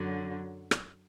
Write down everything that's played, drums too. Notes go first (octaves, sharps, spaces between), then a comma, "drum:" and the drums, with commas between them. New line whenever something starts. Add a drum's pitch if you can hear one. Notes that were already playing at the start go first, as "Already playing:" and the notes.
Already playing: F#2 D3 F#3
drum: rim click